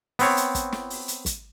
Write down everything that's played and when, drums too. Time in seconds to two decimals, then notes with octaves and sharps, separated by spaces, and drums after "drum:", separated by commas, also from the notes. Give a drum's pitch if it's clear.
0.19 B3 C4 C#5, drum: open hi-hat
0.37 drum: hi-hat
0.55 drum: kick, hi-hat
0.72 drum: snare
0.90 drum: open hi-hat
1.08 drum: hi-hat
1.26 drum: kick, hi-hat